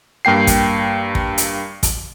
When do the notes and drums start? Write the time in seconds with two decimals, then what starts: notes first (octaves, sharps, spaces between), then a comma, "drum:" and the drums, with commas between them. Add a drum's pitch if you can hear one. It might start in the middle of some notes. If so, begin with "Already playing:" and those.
0.25 G2 A#3 G5 C7
0.47 drum: kick, hi-hat
1.15 drum: kick
1.38 drum: hi-hat
1.83 drum: kick, hi-hat